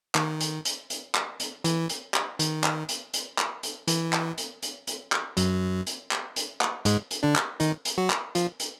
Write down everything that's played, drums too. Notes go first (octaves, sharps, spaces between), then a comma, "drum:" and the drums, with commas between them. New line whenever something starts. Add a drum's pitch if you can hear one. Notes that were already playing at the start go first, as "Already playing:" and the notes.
D#3, drum: clap
drum: hi-hat
drum: hi-hat
drum: hi-hat
drum: clap
drum: hi-hat
E3, drum: hi-hat
drum: hi-hat
drum: clap
D#3, drum: hi-hat
drum: clap
drum: hi-hat
drum: hi-hat
drum: clap
drum: hi-hat
E3, drum: hi-hat
drum: clap
drum: hi-hat
drum: hi-hat
drum: hi-hat
drum: clap
F#2 F#3, drum: hi-hat
drum: hi-hat
drum: clap
drum: hi-hat
drum: clap
G#2 G#3, drum: hi-hat
drum: hi-hat
D3 D4
drum: clap
D#3 D#4, drum: hi-hat
drum: hi-hat
F#3 F#4
drum: clap
F3 F4, drum: hi-hat
drum: hi-hat